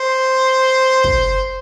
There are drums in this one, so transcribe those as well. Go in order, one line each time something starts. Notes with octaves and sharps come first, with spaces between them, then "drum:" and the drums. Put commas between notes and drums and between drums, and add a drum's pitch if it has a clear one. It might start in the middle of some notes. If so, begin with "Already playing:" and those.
Already playing: C5
drum: kick